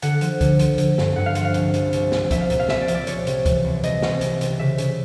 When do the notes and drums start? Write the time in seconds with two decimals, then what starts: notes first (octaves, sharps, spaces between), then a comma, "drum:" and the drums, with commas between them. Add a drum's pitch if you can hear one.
0.02 D3 F#5, drum: hi-hat
0.21 F3, drum: hi-hat
0.41 D3, drum: kick C#2, hi-hat
0.59 F3, drum: hi-hat
0.78 D3, drum: hi-hat
0.98 G2, drum: snare
1.16 G2 F#5
1.26 F5
1.35 F3 F#5, drum: hi-hat
1.45 F5
1.54 C2, drum: hi-hat
1.74 C2, drum: hi-hat
1.93 C2, drum: hi-hat
2.12 F3, drum: snare
2.31 C2 E5, drum: kick C#2, hi-hat
2.41 F5
2.50 A#2, drum: hi-hat
2.60 F5
2.69 C2 E5, drum: snare
2.81 D5
2.88 F3, drum: hi-hat
2.95 D5
3.07 C2 C#5, drum: hi-hat
3.27 C3, drum: hi-hat
3.46 E3, drum: kick C#2, hi-hat
3.64 C2
3.83 C2 D#5, drum: hi-hat
4.02 C2, drum: snare
4.21 C2, drum: hi-hat
4.41 C3, drum: hi-hat
4.59 C#3 E5
4.78 C#3, drum: hi-hat